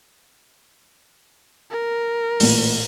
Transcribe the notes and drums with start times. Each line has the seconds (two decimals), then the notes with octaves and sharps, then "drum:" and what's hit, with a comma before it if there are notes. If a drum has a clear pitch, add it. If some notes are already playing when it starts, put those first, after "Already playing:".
1.71 A#4
2.40 A1 A#2, drum: open hi-hat